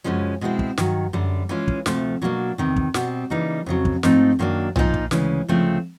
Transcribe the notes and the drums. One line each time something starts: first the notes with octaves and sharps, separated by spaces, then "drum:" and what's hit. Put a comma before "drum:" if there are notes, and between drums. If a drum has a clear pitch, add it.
F#2 C#3 F3 G#3 C#4
B2 G#3 C4 E4
drum: kick
G2 D#3 F#3, drum: snare
F#2 D3 G3
E3 G#3 C#4 F4
drum: kick
D2 C3 F3 A3, drum: snare
B2 F#3 A#3 D4
E2 C3 D#3
drum: kick
B2 G3 C4, drum: snare
C#3 E3 G3 A#3 D#4
F2 C#3 F#3
drum: kick
G#2 F3 A3 C4 D#4, drum: snare
F#2 D#3 F#3 A#3 D4
A#2 F3 A#3 D#4, drum: tom B1
drum: kick
D2 C#3 E3 G#3 C#4, drum: snare
D2 C#3 F3 A3 C4